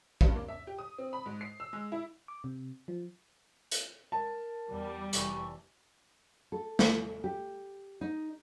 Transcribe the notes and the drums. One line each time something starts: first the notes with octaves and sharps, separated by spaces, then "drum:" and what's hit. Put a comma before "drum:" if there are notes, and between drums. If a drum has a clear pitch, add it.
G2, drum: kick
A#3
E5
G4
D#6
C4
B5
G#2
C7
E6
G#3
E4
D6
C3
F3
drum: hi-hat
A#4 A5
E2 G3
F1 E3 C#6, drum: hi-hat
A4
drum: snare
G4
D#4